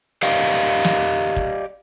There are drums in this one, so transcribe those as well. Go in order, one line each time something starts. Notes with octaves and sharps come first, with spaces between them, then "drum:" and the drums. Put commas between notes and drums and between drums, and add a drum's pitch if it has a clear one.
G4 D5 D#5 F5, drum: hi-hat
drum: snare
drum: kick